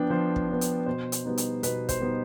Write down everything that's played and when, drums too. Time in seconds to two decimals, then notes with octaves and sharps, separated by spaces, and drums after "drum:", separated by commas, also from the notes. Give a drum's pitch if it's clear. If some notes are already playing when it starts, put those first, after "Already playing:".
Already playing: F3 B3 D4 G5
0.10 F3 C5
0.36 drum: kick
0.48 B3 D4
0.61 drum: hi-hat
0.86 B2 C5
1.12 drum: hi-hat
1.25 G3 B3 D#4
1.38 drum: hi-hat
1.63 B2 B4, drum: hi-hat
1.89 C5, drum: kick, hi-hat
2.01 G3 B3 D#4